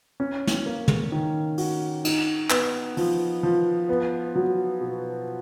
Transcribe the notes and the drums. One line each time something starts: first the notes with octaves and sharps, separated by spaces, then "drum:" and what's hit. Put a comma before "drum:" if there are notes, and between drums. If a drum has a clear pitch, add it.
C#4
drum: snare
A#3
drum: tom
D#3
F#4, drum: open hi-hat
D#4, drum: cymbal
B3, drum: clap
F3, drum: open hi-hat
F3
B3
F#3
B2